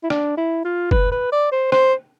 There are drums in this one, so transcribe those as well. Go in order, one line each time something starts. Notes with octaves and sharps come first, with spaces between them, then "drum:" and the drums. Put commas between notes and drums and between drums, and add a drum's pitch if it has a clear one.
E4
D4, drum: rim click
E4
F4
B4, drum: kick F#1
B4
D5
C5
C5, drum: rim click